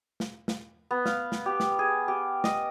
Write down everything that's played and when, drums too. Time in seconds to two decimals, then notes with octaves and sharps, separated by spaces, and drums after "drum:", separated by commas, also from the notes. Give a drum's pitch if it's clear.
0.20 drum: snare
0.48 drum: snare
0.91 B3
1.06 F5, drum: snare
1.32 drum: snare
1.46 G4
1.60 drum: snare
1.79 G#4
2.08 G4
2.44 D#5, drum: snare